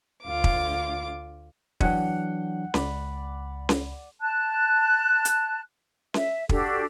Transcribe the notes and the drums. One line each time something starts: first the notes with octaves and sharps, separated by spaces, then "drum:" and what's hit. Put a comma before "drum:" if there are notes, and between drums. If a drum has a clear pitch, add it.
D2 F4 D6
drum: kick
E3 F#3 D4 F#5 G5, drum: kick
C#2 D5 B5, drum: snare C#4
drum: snare C#4
A5 F#6
drum: hi-hat
E5, drum: snare C#4
D4 F#4 G4 A4, drum: kick